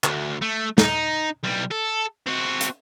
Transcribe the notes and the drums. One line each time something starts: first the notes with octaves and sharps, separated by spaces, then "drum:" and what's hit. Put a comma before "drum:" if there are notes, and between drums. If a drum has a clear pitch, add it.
D2, drum: clap
A3
D#4, drum: snare
B1 G3
A4
C4 F#4
drum: hi-hat